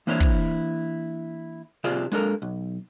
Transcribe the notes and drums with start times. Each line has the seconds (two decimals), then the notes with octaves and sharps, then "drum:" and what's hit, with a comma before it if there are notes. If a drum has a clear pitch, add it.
0.07 E3 A#3 D4 E4 C5 C#5
0.20 drum: kick
1.84 C3 F4 G#4 C5 D5
2.12 G#3 D4 A4 A#4, drum: hi-hat
2.42 B1